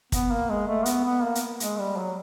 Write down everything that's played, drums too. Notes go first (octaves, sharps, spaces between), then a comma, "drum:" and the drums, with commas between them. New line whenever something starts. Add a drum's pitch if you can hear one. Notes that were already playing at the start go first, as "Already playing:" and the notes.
B3, drum: kick, hi-hat
A#3
G#3
A3
B3, drum: hi-hat
B3
A#3
drum: hi-hat
G#3, drum: hi-hat
G3
F#3